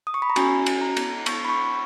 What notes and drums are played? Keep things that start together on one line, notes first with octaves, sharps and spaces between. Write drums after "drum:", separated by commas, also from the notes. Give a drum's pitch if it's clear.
D#6
C#6
B5
A#5
C#4 F#4 G#5, drum: cymbal
drum: cymbal
A#5
drum: cymbal
C#6, drum: cymbal
B5
C#6